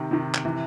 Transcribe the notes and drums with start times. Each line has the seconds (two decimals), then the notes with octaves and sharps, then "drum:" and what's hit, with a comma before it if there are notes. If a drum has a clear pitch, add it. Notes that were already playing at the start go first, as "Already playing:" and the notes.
Already playing: C3 D#3
0.11 C3 D#3
0.34 drum: clap
0.45 C3 E3